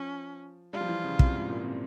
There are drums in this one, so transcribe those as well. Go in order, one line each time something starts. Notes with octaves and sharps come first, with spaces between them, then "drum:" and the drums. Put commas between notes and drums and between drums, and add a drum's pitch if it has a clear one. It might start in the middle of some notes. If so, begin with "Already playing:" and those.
Already playing: F3 C#4
G3 F4
F3
E3
C#3
C3, drum: kick
G#2
A#2
C3